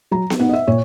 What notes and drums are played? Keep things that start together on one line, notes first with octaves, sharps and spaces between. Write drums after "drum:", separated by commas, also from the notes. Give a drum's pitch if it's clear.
F#3 A#5
drum: snare B3
B3 D#4 F#5
D#5
E5
A#2 C#5